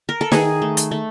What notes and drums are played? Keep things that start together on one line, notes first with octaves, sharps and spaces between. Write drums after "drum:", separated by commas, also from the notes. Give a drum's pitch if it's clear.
A#4
A4
D#3 G#4, drum: snare
A3
drum: hi-hat
A3